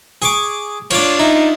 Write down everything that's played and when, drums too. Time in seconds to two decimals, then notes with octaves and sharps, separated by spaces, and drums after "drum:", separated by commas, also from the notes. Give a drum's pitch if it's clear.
0.22 G#4 C#6 D6
0.91 D4 F4 C#5 D5, drum: cymbal
1.19 D#4 E4